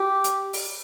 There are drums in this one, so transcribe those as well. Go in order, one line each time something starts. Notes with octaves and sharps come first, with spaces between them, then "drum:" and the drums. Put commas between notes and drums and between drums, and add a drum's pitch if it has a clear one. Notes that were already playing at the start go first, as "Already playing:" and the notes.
Already playing: G4
drum: hi-hat
drum: open hi-hat